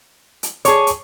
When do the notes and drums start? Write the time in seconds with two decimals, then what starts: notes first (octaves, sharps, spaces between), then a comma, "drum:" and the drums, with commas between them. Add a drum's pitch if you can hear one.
0.43 drum: hi-hat
0.65 G#4 C#5 A5 C#6 D6, drum: hi-hat
0.87 drum: hi-hat